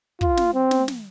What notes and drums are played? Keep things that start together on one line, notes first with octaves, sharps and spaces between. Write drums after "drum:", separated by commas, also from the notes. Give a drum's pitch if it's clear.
F4, drum: kick
drum: snare
C4
drum: snare
drum: snare